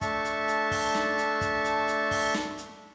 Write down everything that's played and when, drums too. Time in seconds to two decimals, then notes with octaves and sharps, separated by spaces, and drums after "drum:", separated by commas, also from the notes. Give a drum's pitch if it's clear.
0.01 A3 D4 E5 A5 C#6, drum: kick, hi-hat
0.25 drum: hi-hat
0.48 drum: hi-hat
0.71 drum: kick, open hi-hat
0.95 drum: snare
1.18 drum: hi-hat
1.41 drum: kick, hi-hat
1.64 drum: hi-hat
1.88 drum: hi-hat
2.11 drum: kick, open hi-hat
2.34 drum: snare
2.58 drum: hi-hat